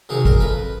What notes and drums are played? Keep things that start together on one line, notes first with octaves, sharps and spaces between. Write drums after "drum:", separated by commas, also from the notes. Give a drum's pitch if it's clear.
C3 D#3 F#3 G#4
A#4, drum: kick
F2 B4